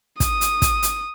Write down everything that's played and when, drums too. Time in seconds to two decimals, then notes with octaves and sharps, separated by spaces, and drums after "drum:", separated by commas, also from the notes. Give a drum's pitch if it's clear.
0.20 D#6, drum: kick, hi-hat
0.41 drum: hi-hat
0.62 drum: kick, hi-hat
0.83 drum: hi-hat